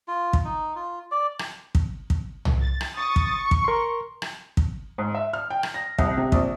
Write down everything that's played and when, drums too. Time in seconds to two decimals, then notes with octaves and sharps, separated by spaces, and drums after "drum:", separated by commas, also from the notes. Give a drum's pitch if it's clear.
0.08 F4
0.33 drum: kick
0.45 D#4
0.76 F4
1.11 D5
1.39 drum: rim click
1.75 drum: kick
2.10 drum: kick
2.45 drum: tom C2
2.61 A6
2.81 drum: rim click
2.96 C#6 D#6 A6
3.16 drum: kick
3.33 C#6
3.51 drum: kick
3.64 A#4 C6
4.22 drum: rim click
4.57 drum: kick
4.98 G#2
5.15 E5
5.33 F6
5.50 G5
5.63 drum: rim click
5.74 A#6
5.98 C2, drum: kick
6.17 C3
6.32 A#1, drum: kick